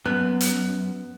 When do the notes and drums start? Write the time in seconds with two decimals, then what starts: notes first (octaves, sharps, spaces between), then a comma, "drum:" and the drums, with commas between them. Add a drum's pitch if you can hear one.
0.06 F#2 B3 F#6
0.41 drum: hi-hat